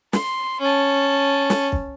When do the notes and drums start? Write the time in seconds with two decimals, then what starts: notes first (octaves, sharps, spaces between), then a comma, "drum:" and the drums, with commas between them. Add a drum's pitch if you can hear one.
0.13 C6, drum: snare
0.61 C#4 A5
1.50 drum: snare
1.72 drum: kick